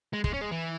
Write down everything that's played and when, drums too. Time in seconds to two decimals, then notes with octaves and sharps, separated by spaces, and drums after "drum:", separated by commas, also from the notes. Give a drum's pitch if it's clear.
0.13 G#3
0.24 G#3, drum: kick
0.33 C#4
0.41 G#3
0.51 E3